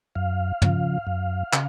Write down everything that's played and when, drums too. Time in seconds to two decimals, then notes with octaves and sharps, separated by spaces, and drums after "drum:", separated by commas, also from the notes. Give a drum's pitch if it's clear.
0.15 F#2 F5
0.62 C#3 F3, drum: tom
1.07 F#2
1.53 C#3, drum: clap